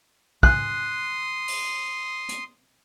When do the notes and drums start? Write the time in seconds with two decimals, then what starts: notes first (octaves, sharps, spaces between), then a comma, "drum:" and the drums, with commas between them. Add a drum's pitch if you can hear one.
0.43 C6 D#6 F#6, drum: kick
1.48 drum: open hi-hat
2.29 drum: hi-hat